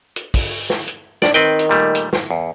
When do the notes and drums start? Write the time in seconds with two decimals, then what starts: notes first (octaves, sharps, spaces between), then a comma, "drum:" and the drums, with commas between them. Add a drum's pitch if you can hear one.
0.16 drum: hi-hat
0.34 drum: kick, open hi-hat
0.70 drum: snare
0.88 drum: hi-hat
1.22 D4 D5, drum: snare
1.34 D#3 C4 B4 G5
1.59 drum: hi-hat
1.69 A#2 G3 A3
1.95 drum: hi-hat
2.13 drum: snare
2.31 E2